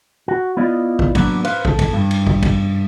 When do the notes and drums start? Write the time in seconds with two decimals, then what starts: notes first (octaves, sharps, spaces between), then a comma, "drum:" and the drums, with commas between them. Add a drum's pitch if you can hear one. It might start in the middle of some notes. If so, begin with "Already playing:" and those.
0.28 F#4
0.57 B3 E4 F4 D5 D#5
0.99 drum: kick
1.15 F#3 A#3 B3 D4 B4, drum: kick, cymbal
1.45 B4 C5 F5, drum: cymbal
1.65 A4, drum: kick
1.79 drum: kick, cymbal
1.93 G2
2.11 drum: cymbal
2.27 drum: kick
2.43 drum: kick, cymbal